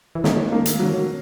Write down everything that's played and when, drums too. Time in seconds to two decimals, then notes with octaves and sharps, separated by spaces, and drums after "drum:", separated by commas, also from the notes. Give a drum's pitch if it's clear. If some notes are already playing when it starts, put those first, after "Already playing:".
0.15 E3
0.24 D#3 A#3, drum: snare
0.52 A#3
0.66 drum: hi-hat
0.80 F#3